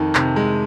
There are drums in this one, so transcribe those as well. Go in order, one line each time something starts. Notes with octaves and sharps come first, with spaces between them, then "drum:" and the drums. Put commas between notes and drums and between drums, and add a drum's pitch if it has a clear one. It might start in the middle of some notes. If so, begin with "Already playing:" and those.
Already playing: F2 D#3
C3, drum: clap
G#3